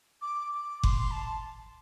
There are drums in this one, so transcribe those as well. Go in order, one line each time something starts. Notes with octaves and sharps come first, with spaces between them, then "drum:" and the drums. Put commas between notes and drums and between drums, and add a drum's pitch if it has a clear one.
D6
D6
D6
C6, drum: kick F#1
A5